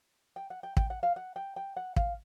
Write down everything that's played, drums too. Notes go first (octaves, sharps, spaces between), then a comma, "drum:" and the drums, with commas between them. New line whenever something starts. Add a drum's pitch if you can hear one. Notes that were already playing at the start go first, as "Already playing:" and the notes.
G5
F#5
G5
G5, drum: kick
F#5
F5
F#5
G5
G5
F#5
F5, drum: kick